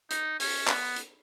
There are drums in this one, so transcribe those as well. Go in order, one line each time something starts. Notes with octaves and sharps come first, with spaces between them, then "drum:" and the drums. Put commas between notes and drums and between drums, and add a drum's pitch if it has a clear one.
D#4, drum: hi-hat
C#4, drum: open hi-hat
B3, drum: clap
drum: hi-hat